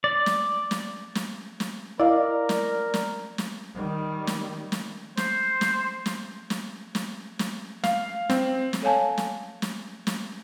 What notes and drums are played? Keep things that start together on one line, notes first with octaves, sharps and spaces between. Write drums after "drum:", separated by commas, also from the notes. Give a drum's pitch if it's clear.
D5
drum: snare
drum: snare
drum: snare
drum: snare
E4 A#4 D5 D#5 F5
drum: snare
drum: snare
drum: snare
D#3 G3
drum: snare
drum: snare
C5, drum: snare
drum: snare
drum: snare
drum: snare
drum: snare
drum: snare
F5, drum: snare
C4, drum: snare
drum: snare
A4 C#5 F5 G#5 A5
drum: snare
drum: snare
drum: snare